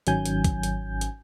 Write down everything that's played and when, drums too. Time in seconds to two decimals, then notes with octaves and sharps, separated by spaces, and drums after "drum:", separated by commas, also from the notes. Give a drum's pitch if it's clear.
0.07 G#1 D#3 F#3 C#4 G#5 G6, drum: hi-hat
0.26 drum: hi-hat
0.44 drum: kick, hi-hat
0.63 drum: hi-hat
1.01 drum: hi-hat